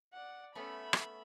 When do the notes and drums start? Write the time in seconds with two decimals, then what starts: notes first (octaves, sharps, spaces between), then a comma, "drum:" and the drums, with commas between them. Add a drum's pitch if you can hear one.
0.13 D5 F#5
0.55 A3 B3 C#4 E5 B5
0.93 drum: rim click